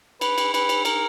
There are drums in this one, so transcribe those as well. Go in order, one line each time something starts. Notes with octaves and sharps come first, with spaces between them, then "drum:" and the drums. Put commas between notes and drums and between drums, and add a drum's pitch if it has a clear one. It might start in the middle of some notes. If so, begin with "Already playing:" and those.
B4, drum: cymbal
drum: cymbal
B4, drum: cymbal
drum: cymbal
A#4, drum: cymbal